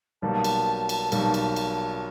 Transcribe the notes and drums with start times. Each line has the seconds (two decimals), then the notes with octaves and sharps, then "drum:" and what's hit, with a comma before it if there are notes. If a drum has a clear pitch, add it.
0.22 B1 B2 G3 A#3 A5
0.44 drum: cymbal
0.89 drum: cymbal
1.12 B1 B2 G3 A#3, drum: cymbal
1.34 drum: cymbal
1.56 drum: cymbal